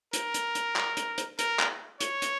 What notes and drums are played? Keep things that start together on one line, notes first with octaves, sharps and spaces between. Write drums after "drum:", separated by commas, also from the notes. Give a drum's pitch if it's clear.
A#4, drum: hi-hat
drum: hi-hat
drum: hi-hat
drum: clap
drum: hi-hat
drum: hi-hat
A#4, drum: hi-hat
drum: clap
C#5, drum: hi-hat
drum: hi-hat